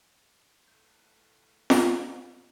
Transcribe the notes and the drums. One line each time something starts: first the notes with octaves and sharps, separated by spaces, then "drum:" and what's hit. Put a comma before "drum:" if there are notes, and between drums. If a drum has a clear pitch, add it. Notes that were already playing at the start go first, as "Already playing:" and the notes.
A2 D#3 A3 A4 B4 F5 G6
drum: snare F4